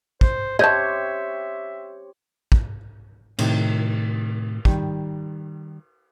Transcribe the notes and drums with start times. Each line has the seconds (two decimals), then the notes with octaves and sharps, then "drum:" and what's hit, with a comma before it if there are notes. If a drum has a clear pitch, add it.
0.21 C5, drum: kick
0.59 G4 C5 C#5 D#5 E5 A5 G6 G#6
2.52 drum: kick
3.39 A2 C3 D#3, drum: cymbal
4.65 D#3 G3, drum: kick